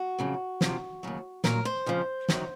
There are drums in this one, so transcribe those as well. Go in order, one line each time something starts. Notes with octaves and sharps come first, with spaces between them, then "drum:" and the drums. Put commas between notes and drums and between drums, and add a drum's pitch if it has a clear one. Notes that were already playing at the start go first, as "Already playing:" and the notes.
Already playing: F#4
F2 C#3 F#3
F2 C3 F3, drum: snare
D#2 C#3 F#3
A#2 F#3 A#4, drum: snare
C5
F2 C#3 F3
F#2 D#3 F#3, drum: snare